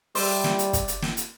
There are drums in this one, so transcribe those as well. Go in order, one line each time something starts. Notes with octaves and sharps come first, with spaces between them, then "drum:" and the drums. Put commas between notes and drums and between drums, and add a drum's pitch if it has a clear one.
G3 C5 D5 E5, drum: open hi-hat
drum: snare
drum: hi-hat
drum: kick, hi-hat
drum: hi-hat
drum: snare
drum: hi-hat